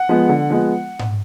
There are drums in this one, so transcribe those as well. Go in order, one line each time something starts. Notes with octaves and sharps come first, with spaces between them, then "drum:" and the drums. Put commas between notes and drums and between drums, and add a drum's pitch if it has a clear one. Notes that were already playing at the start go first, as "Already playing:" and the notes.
Already playing: F#5
F3 G#3 B3
D3
F3 G#3 B3
drum: tom G#2